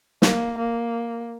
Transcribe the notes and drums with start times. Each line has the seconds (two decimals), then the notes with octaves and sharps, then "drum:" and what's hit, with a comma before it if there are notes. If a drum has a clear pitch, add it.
0.22 A#3, drum: snare
0.58 A#3